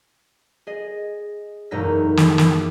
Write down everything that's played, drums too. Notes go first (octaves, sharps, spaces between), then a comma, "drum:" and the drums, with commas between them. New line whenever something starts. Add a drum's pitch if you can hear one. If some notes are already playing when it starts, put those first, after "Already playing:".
G#4 D#5
E1 F#2 A3 D#4 E6 A#6
drum: snare
drum: snare